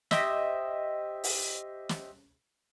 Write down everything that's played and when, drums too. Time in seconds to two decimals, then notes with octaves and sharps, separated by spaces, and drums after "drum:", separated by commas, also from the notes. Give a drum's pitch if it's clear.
0.11 G4 C5 D#5 E5, drum: snare
1.24 drum: open hi-hat
1.89 drum: snare